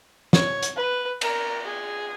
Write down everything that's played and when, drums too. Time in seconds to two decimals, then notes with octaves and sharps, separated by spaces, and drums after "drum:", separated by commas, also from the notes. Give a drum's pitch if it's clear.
0.33 C#5, drum: snare
0.63 drum: hi-hat
0.76 B4
1.21 A#4, drum: cymbal
1.65 G#4